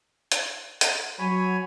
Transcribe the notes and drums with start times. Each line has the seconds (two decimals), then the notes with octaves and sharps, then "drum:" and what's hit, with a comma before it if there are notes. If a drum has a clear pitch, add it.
0.32 drum: hi-hat
0.81 drum: hi-hat
1.19 F#3 C#5 G#5 B5